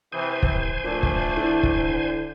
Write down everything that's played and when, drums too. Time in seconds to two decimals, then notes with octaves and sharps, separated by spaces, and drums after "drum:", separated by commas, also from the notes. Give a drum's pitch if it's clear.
0.12 C3 E3 C5 G#5 D#6
0.43 drum: kick
0.84 A#2 F3 A3 D4 F4
1.03 drum: kick
1.37 D3 E4 A4
1.63 drum: kick